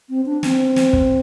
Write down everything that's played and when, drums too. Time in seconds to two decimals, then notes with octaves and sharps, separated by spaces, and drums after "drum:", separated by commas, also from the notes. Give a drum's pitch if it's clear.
0.09 C4
0.26 D4
0.43 C4, drum: snare
0.76 drum: snare
0.93 drum: kick